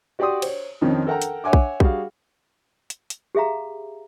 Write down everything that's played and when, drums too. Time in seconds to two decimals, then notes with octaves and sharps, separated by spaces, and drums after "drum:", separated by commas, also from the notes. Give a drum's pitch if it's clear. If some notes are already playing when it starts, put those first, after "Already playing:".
0.19 F#4 G4 D5 G5 C6 D#6
0.42 C5 C#5, drum: cymbal
0.81 F2 D#3 F3 C4 C#4
1.07 A4 A#4 F#5 G5 A#5
1.22 drum: hi-hat
1.44 C#5 E5 F#5 G#5 D6
1.53 drum: kick A#1
1.80 G3 F#4 G#4 F5, drum: kick A#1
2.90 drum: hi-hat
3.10 drum: hi-hat
3.35 G4 G#4 E5 F5 A#5